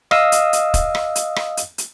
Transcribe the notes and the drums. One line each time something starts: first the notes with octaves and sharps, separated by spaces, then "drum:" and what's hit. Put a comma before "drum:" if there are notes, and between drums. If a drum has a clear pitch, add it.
D#5 F5 D#6 E6, drum: rim click
drum: hi-hat
drum: hi-hat
drum: kick, hi-hat
drum: rim click
drum: hi-hat
drum: rim click
drum: hi-hat
drum: hi-hat